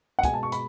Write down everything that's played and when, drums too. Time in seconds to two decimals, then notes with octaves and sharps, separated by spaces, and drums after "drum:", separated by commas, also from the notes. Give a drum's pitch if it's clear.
0.19 F#5
0.23 B2 G#3 G#5, drum: kick, hi-hat
0.33 A5
0.43 C#6
0.52 B5, drum: hi-hat